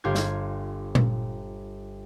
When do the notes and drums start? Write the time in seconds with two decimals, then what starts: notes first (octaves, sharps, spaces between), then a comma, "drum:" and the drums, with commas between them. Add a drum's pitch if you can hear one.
0.04 G1 F4 G4 G#6
0.15 drum: snare
0.95 drum: tom A#2